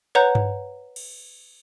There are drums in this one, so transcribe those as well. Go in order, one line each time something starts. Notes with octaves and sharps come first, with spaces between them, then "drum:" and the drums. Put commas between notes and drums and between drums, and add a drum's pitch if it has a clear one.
B4 C#5 F#5 A#5 G6
drum: tom G2
drum: cymbal